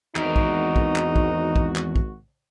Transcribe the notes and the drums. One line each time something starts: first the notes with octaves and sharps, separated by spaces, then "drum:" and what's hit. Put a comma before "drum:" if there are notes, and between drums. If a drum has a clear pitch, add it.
G#1 E2 D#4 F#4 A#4, drum: clap
drum: kick
drum: kick
drum: clap
drum: kick
drum: kick
drum: clap
drum: kick